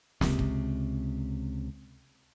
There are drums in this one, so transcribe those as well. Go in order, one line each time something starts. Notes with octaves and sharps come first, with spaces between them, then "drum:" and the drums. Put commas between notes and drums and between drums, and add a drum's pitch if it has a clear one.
C#2 C3, drum: snare
drum: kick